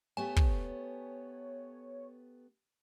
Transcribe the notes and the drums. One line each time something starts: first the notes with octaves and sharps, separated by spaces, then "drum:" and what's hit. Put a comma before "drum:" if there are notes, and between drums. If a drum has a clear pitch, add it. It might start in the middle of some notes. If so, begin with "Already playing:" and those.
A3 B3 G4 C#5 G#5
drum: kick